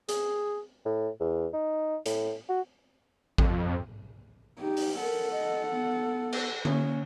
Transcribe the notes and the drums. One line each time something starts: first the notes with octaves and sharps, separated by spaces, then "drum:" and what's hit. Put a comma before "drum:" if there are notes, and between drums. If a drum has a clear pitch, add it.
G#4, drum: hi-hat
A2
E2
D#4
A2, drum: hi-hat
F#4
F2, drum: kick A1
D#4 G4
drum: open hi-hat
A4 A#4 F#5
D#5
B3
drum: cymbal
A#3 C#4, drum: tom